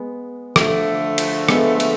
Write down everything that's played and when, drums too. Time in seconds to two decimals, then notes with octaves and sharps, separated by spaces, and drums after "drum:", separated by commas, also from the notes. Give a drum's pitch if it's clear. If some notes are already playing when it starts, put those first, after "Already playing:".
Already playing: G#3 B3
0.56 D3 F3 A3, drum: rim click
1.18 drum: cymbal
1.49 G#3 B3, drum: rim click
1.80 drum: cymbal